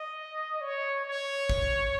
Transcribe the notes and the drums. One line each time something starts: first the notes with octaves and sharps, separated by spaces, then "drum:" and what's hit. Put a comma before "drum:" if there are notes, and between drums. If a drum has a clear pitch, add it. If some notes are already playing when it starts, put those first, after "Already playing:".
Already playing: D#5
C#5
C#5
drum: kick G#1